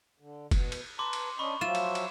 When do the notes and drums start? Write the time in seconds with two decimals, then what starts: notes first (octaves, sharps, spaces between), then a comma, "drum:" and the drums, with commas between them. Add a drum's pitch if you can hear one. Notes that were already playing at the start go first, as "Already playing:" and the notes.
0.19 D3
0.51 B2 B3, drum: kick F#1, cymbal
0.72 drum: cymbal
0.99 B4 A5 A#5 C6 D6
1.13 drum: cymbal
1.39 C#4 D4 D#5 B5 C#6
1.61 F3 F#3 F4 E5 E7
1.75 drum: cymbal
1.95 drum: cymbal